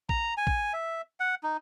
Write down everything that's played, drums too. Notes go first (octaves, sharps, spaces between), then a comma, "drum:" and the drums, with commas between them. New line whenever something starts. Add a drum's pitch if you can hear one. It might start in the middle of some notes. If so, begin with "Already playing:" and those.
A#5, drum: kick
G#5
drum: kick
E5
F#5
D#4